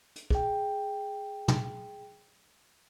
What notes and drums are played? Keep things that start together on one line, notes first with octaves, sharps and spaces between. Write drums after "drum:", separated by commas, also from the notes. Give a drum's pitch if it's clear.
drum: hi-hat
G#4 G5, drum: kick
drum: tom